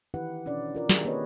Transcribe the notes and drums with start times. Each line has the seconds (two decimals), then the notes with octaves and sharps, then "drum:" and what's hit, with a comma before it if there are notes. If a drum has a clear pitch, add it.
0.14 D#3 E3 E4 G4 B4 F#5
0.45 B2 C#4 D4 D5
0.75 F4 A#4 D5
0.90 D#3 G4 G#4 A#4, drum: snare
1.05 A#3 C4 G4 B4 C#5 D#5